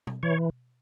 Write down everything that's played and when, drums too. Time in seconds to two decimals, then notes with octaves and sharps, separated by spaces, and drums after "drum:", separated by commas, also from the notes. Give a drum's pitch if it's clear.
0.07 drum: tom B2
0.23 E3 C#5